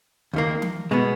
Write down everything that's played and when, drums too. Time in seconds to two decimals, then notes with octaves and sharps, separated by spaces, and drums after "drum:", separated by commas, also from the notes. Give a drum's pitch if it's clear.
0.33 D#2 D#3 A#3
0.62 drum: tom E3
0.91 B2 G#3 B3